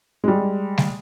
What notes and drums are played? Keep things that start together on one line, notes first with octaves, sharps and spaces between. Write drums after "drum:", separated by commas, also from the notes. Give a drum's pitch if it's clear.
G3 G#3
drum: snare G3